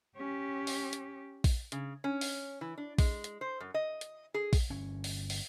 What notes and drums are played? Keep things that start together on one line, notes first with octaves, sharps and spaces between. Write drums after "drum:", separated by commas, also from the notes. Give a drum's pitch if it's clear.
C#4 G4
drum: open hi-hat
drum: hi-hat
drum: kick A#1, open hi-hat
C#3, drum: hi-hat
C#4
drum: open hi-hat
E3
D4
G#3, drum: kick A#1, open hi-hat
drum: hi-hat
C5
F#2
D#5
drum: hi-hat
G#4
drum: kick A#1, open hi-hat
G1 C#4
drum: open hi-hat
drum: open hi-hat